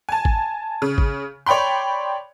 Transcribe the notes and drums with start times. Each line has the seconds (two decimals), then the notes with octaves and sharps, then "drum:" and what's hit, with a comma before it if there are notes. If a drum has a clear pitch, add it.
0.09 G#5 A5
0.25 drum: kick G#1
0.82 C#3
0.98 drum: kick G#1
1.46 C#5 D5 G5 B5 C6